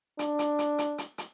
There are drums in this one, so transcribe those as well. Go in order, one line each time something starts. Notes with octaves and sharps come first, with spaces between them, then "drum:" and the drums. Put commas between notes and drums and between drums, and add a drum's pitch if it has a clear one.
D4, drum: hi-hat
drum: hi-hat
drum: hi-hat
drum: hi-hat
drum: hi-hat
drum: hi-hat